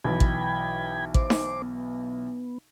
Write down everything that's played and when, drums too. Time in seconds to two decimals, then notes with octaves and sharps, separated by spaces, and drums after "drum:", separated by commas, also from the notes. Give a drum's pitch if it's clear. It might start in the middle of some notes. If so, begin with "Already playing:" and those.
0.04 B1 E3 G5 B5 G#6
0.20 drum: kick
1.14 C5 D6, drum: kick
1.30 drum: snare D#4
1.62 B3